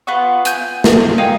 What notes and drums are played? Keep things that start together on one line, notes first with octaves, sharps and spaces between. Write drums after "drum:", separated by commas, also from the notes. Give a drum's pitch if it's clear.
B3 F4 F#5 C#6
G#5 G6, drum: hi-hat
drum: snare
D#4 F5 G5 G#5